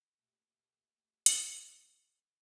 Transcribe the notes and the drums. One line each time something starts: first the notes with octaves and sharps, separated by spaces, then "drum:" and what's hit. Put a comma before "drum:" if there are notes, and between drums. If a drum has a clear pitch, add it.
A#2 A3 G4
drum: hi-hat